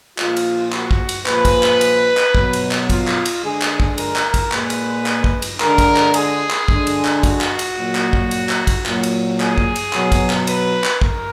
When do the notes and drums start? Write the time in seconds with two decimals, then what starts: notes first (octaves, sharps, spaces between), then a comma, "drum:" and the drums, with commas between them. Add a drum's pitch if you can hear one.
0.18 A#2 F3 G#3 F4, drum: clap
0.37 drum: cymbal
0.72 F#4, drum: clap
0.91 drum: kick
1.09 drum: cymbal
1.26 A#2 F3 G#3 B4, drum: clap
1.45 drum: kick, cymbal
1.63 drum: clap
1.81 drum: cymbal
2.17 drum: clap
2.35 B2 F#3, drum: kick
2.53 drum: cymbal
2.71 drum: clap
2.90 F4, drum: kick, cymbal
3.07 drum: clap
3.25 drum: cymbal
3.43 D3 G#3 G#4
3.62 drum: clap
3.80 drum: kick
3.98 A#4, drum: cymbal
4.16 drum: clap
4.34 drum: kick, cymbal
4.52 A#2 G#3 B4, drum: clap
4.70 drum: cymbal
5.06 drum: clap
5.24 drum: kick
5.42 drum: cymbal
5.60 D3 G#3 A#4, drum: clap
5.78 drum: kick, cymbal
5.96 drum: clap
6.14 G#4, drum: cymbal
6.51 drum: clap
6.68 D3 G#3, drum: kick
6.87 drum: cymbal
7.05 drum: clap
7.23 F#4, drum: kick, cymbal
7.41 drum: clap
7.59 drum: cymbal
7.77 A#2 F#3
7.95 drum: clap
8.13 drum: kick
8.31 drum: cymbal
8.49 drum: clap
8.67 drum: kick, cymbal
8.86 A#2 F#3, drum: clap
9.03 drum: cymbal
9.40 G#4, drum: clap
9.58 drum: kick
9.76 drum: cymbal
9.93 B2 F#3, drum: clap
10.12 drum: kick, cymbal
10.30 drum: clap
10.47 B4, drum: cymbal
10.84 drum: clap
11.01 A#4, drum: kick